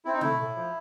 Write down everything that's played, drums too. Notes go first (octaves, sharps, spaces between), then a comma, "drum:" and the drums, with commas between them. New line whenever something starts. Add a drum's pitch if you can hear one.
C4 E4
D#4
A3 E4, drum: tom B2
A2
F3